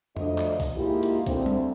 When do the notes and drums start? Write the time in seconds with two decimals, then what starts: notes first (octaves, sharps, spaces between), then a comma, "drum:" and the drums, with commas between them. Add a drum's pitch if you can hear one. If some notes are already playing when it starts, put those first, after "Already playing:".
0.17 D2 D3 F3 A3 D4 D#5, drum: tom F2
0.38 drum: clap
0.60 drum: kick B1, open hi-hat
0.75 G#2 G#3 A#3 E4 F4 G4
1.03 drum: hi-hat
1.26 D2 C4, drum: kick B1, hi-hat
1.46 drum: tom G3